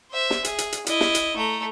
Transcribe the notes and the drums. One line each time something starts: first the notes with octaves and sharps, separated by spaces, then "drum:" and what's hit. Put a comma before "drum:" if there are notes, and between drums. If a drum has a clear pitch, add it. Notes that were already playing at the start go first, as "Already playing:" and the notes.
C5 E5
drum: snare
G#4, drum: hi-hat
drum: hi-hat
drum: hi-hat
E4 D#5, drum: hi-hat
drum: snare
drum: hi-hat
A3 A#5